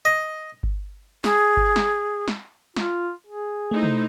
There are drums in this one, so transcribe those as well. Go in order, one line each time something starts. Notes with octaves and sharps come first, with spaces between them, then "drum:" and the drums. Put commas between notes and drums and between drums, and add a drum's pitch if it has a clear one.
D#5
drum: kick G1
G#4, drum: snare
drum: kick G1
drum: snare
drum: snare
F4, drum: snare
G#4
A3 D#4 E4 C5
drum: tom